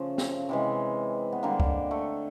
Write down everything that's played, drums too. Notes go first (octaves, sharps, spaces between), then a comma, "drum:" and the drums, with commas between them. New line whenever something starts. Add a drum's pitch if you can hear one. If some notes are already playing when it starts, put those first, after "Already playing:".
Already playing: C#3 F3 A3
drum: snare
C3 E3 G#3
B3
D3 G3 A#3
drum: kick C#2
A3